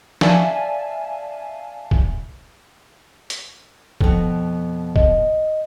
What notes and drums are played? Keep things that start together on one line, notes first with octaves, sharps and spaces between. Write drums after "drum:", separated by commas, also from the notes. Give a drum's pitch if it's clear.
D5 E5 F5 G#5 A5, drum: snare
drum: kick
drum: hi-hat
F2 B2, drum: kick
D#5, drum: kick